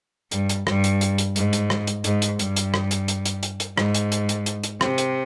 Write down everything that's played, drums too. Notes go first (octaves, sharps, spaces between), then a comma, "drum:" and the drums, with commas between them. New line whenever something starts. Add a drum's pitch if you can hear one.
G2, drum: hi-hat
drum: hi-hat
G2, drum: rim click
drum: hi-hat
drum: hi-hat
drum: hi-hat
G#2, drum: hi-hat
drum: hi-hat
drum: rim click
drum: hi-hat
G#2, drum: hi-hat
drum: hi-hat
G2, drum: hi-hat
drum: hi-hat
drum: rim click
drum: hi-hat
drum: hi-hat
drum: hi-hat
drum: hi-hat
drum: hi-hat
G#2, drum: rim click
drum: hi-hat
drum: hi-hat
drum: hi-hat
drum: hi-hat
drum: hi-hat
C3, drum: rim click
drum: hi-hat